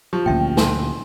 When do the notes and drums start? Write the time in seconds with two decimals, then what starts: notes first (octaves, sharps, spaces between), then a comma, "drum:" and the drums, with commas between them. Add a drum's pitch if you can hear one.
0.13 F3 G4
0.26 D2 A#2 C#4 E5 G5
0.57 G#5 A5 C6, drum: snare